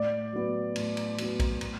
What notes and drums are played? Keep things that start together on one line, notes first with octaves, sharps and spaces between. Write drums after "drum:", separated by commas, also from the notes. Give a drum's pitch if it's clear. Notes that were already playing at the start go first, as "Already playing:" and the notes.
Already playing: A2 D5
F#3 B3
A2, drum: cymbal
drum: cymbal
F#3 B3, drum: cymbal
drum: kick A#1, cymbal
A2, drum: cymbal